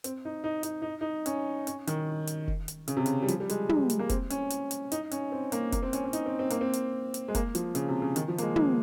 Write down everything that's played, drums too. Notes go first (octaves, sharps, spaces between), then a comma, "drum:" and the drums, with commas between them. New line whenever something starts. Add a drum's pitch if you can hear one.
C4, drum: hi-hat
D#4
D#4
D#4, drum: hi-hat
D#4
D#4
C#4, drum: hi-hat
C#4, drum: hi-hat
D#3, drum: hi-hat
drum: hi-hat
drum: kick F1
drum: hi-hat
C#3, drum: hi-hat
C3
C#3, drum: hi-hat
G3
F3, drum: hi-hat
G3
G#3, drum: hi-hat
drum: tom
drum: hi-hat
A#3
C4, drum: kick F1, hi-hat
C#4, drum: hi-hat
drum: hi-hat
drum: hi-hat
D#4, drum: hi-hat
C#4, drum: hi-hat
C4
A#3, drum: hi-hat
A#3, drum: kick F1, hi-hat
C4
C#4, drum: hi-hat
C#4
D#4, drum: hi-hat
C4
C4
A#3, drum: hi-hat
C4
drum: hi-hat
drum: hi-hat
G#3
A#3, drum: kick F1, hi-hat
F3, drum: hi-hat
C#3, drum: hi-hat
C3
C#3
D#3, drum: hi-hat
F3
A#3, drum: hi-hat
G#3
G#3, drum: tom